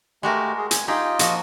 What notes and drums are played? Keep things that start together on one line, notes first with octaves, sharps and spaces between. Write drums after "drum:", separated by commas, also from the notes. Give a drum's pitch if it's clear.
G#3 A3 F#4 G4 A#4
G#4
G#5, drum: hi-hat
D#4 F4 G4 G#4 D#5
F3 A#3 F#4, drum: hi-hat